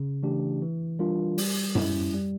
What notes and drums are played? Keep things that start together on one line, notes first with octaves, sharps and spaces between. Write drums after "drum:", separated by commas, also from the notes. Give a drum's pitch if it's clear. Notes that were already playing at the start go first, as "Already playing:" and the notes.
Already playing: C#3
E3 A3 D4 G4
E3
G3 D4 F4 A#4
G3, drum: open hi-hat
C#4 E4, drum: tom F#2
G3